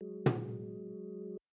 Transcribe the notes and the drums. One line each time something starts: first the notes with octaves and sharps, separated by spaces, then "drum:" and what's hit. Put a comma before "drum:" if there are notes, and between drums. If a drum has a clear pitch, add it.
F#3 G#3
drum: tom